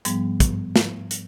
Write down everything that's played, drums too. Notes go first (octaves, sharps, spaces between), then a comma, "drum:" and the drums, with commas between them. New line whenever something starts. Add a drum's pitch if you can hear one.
G#2 F3 G3 B3, drum: hi-hat
drum: kick, hi-hat
drum: snare
drum: hi-hat